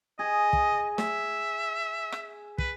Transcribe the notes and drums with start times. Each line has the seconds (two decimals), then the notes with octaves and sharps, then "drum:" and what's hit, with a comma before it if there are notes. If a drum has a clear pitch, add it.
0.19 G#4 D#5
0.53 drum: kick
0.98 E5, drum: snare
2.12 drum: rim click
2.58 B4, drum: kick